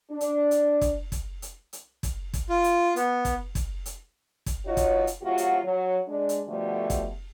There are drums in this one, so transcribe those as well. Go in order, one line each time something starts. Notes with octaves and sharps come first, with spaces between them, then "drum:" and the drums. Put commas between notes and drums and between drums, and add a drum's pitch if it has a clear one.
D4
drum: hi-hat
drum: hi-hat
drum: kick, hi-hat
drum: kick, hi-hat
drum: hi-hat
drum: hi-hat
drum: kick, hi-hat
drum: kick, hi-hat
F4
drum: hi-hat
B3, drum: hi-hat
drum: kick, hi-hat
drum: kick, hi-hat
drum: hi-hat
drum: kick, hi-hat
E3 D#4 F4 F#4 C#5
drum: kick, hi-hat
drum: hi-hat
A2 C3 F#3 F4 F#4
drum: hi-hat
F#3
G#3 D4
drum: hi-hat
B2 D3 F3 G3 A3
drum: kick, hi-hat